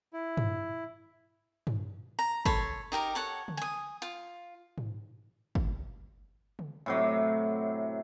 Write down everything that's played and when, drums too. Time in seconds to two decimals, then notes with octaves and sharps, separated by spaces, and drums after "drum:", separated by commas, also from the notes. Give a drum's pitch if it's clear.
0.13 E4
0.37 drum: tom G2
1.67 drum: tom G2
2.19 A#5
2.45 A4 C#5 B5 C6, drum: kick
2.92 D#4 G4 A#4 A#5
3.15 A4 C#5 F#5
3.48 drum: tom C#3
3.57 G#5 D#6
4.02 F4
4.78 drum: tom G#2
5.55 drum: kick
6.59 drum: tom C#3
6.86 A2 C3 F#3